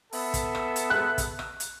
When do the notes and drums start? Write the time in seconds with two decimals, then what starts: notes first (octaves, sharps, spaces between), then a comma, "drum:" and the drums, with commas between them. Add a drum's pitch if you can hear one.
0.13 B3 A4 E5, drum: open hi-hat
0.34 drum: kick, hi-hat
0.55 drum: rim click
0.76 drum: hi-hat
0.90 F#6
1.18 drum: kick, hi-hat
1.39 drum: rim click
1.60 drum: hi-hat